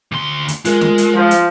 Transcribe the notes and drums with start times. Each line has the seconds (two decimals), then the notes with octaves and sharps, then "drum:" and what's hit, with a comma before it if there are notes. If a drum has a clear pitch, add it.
0.12 D2 C6
0.48 drum: hi-hat
0.65 G#3 F4 A#4, drum: hi-hat
0.81 drum: snare
0.98 drum: hi-hat
1.14 F3
1.31 drum: hi-hat